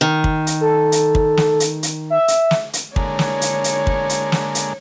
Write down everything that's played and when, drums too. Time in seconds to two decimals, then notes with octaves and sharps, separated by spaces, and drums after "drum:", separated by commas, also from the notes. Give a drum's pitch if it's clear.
0.01 D#3
0.24 drum: kick
0.47 drum: hi-hat
0.61 A4
0.92 drum: hi-hat
1.15 drum: kick
1.37 drum: snare
1.60 drum: hi-hat
1.83 drum: hi-hat
2.10 E5
2.28 drum: hi-hat
2.51 drum: snare
2.73 drum: hi-hat
2.96 D3 G#3 A#3 C#5, drum: kick
3.19 drum: snare
3.41 drum: hi-hat
3.64 drum: hi-hat
3.87 drum: kick
4.09 drum: hi-hat
4.32 drum: snare
4.55 drum: hi-hat